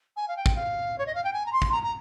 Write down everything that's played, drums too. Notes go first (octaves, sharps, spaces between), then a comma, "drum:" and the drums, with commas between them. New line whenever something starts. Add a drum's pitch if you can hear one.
G#5
F5
G5
drum: kick
F5
C#5
D#5
F5
G5
G#5
A#5
C6
drum: kick
A#5
A#5